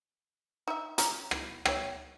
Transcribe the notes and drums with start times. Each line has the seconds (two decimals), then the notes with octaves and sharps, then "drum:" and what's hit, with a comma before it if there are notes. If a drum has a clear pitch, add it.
0.68 D#4 E5
0.98 C#4 A#5, drum: hi-hat
1.31 E3, drum: rim click
1.65 C#5 E5 G5, drum: rim click